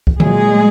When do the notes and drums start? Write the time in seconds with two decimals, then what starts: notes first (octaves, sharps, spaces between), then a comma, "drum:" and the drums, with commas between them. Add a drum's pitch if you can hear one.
0.07 drum: kick C2
0.20 A#2 F#3 G#3 G#4, drum: tom D3